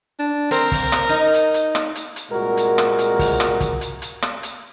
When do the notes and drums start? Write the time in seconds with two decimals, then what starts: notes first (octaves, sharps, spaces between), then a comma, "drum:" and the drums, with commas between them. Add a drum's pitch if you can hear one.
0.19 D4
0.51 C4 A#4, drum: hi-hat
0.72 drum: kick, open hi-hat
0.92 drum: rim click
1.09 D#4
1.34 drum: hi-hat
1.54 drum: hi-hat
1.75 drum: rim click
1.95 drum: hi-hat
2.16 drum: hi-hat
2.32 C2 A#2 G#3 F#4 A#4
2.57 drum: hi-hat
2.78 drum: rim click
2.99 drum: hi-hat
3.19 drum: kick, open hi-hat
3.40 drum: rim click
3.61 drum: kick, hi-hat
3.81 drum: hi-hat
4.02 drum: hi-hat
4.22 drum: rim click
4.43 drum: hi-hat